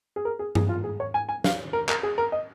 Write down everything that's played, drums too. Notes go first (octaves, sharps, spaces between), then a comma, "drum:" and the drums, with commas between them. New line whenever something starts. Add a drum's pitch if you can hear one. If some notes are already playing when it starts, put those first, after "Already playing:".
G#4
A#4
G#4
G#4, drum: tom G2
F4
G#4
C#5
G#5
G#5
F5, drum: snare
A#4
A#4, drum: clap
G#4
A#4
D#5